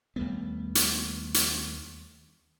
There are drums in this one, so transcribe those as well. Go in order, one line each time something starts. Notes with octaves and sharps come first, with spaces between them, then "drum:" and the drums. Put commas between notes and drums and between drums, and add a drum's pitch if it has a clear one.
D#2 G3 A3 B3
drum: hi-hat
drum: hi-hat